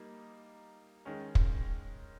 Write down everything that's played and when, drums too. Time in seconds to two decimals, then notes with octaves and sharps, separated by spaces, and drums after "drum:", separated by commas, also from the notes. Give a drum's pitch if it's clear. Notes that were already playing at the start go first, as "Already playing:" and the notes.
Already playing: G3 A#3 D#4
1.05 D#3 G#3 C#4
1.35 drum: kick